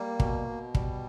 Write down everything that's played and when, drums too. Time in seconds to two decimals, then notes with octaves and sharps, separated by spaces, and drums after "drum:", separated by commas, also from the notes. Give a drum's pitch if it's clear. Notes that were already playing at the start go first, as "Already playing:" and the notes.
Already playing: G3 A#3
0.20 B2, drum: kick
0.47 B2
0.75 G3, drum: kick